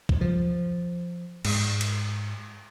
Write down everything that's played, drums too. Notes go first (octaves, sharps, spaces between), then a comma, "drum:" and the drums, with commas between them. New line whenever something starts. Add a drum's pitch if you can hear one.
drum: kick
F3
G#2, drum: cymbal
drum: cymbal